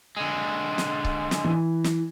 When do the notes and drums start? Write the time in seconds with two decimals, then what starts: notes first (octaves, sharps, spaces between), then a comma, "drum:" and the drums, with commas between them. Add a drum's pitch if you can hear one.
0.17 D3 G#3
0.78 drum: snare
1.05 drum: kick C#1
1.31 drum: snare
1.44 E3
1.84 drum: snare